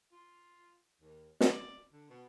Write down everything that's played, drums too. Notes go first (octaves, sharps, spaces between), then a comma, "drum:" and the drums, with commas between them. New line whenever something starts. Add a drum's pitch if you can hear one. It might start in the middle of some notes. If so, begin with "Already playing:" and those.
F4
D#2
D5, drum: snare
D3
B2